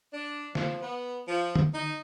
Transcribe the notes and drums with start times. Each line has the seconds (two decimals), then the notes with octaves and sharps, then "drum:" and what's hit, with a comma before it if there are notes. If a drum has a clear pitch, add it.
0.13 D4
0.55 F3, drum: snare
0.82 B3
1.28 F3
1.56 drum: tom D3
1.74 D#4